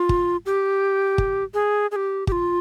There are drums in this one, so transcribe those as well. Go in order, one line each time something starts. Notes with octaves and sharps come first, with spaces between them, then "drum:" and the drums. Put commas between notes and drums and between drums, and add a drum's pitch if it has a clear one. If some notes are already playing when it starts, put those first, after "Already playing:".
Already playing: F4
drum: kick
G4
drum: kick
G#4
G#4
G4
G4, drum: kick
F4